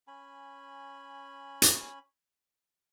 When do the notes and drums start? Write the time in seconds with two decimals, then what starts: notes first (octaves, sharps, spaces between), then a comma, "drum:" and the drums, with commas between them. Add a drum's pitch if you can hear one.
0.08 C#4 G#5 B5
1.62 drum: hi-hat